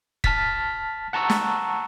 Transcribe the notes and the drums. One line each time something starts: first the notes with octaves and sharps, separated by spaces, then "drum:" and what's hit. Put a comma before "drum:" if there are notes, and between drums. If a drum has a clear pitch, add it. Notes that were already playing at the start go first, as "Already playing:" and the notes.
A5 F6 A6 B6, drum: kick
F#5 A5 A#5 C#6 E6
drum: snare